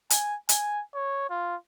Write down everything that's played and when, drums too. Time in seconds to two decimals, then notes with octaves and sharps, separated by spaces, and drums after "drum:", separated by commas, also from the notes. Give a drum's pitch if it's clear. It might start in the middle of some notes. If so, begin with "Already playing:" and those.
0.10 G#5, drum: hi-hat
0.49 G#5, drum: hi-hat
0.95 C#5
1.30 F4